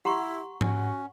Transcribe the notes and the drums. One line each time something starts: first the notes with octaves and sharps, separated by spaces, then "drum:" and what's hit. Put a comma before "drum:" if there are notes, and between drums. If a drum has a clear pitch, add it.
E4 G4 F#5 A#5 C6 C#6
C#4 F#4, drum: tom G#2